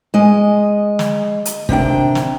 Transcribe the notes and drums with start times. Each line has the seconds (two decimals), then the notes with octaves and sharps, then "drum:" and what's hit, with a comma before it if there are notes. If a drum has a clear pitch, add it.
0.14 G#3 D#5
0.99 drum: snare
1.45 drum: hi-hat
1.69 C3 D#3 D4 G5, drum: kick
2.15 drum: snare